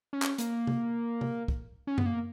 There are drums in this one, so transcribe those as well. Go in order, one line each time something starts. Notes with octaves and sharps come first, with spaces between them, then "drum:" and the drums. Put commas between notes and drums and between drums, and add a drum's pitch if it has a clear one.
C#4
drum: clap
A#3, drum: hi-hat
drum: tom C3
drum: tom C3
drum: kick
C#4
B3, drum: tom F#2
A#3